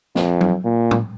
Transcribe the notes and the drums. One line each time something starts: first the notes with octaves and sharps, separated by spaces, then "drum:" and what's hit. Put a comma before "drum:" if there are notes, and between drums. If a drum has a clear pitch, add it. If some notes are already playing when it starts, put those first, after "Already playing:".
F2, drum: snare
drum: tom F#3
A#2
drum: tom A2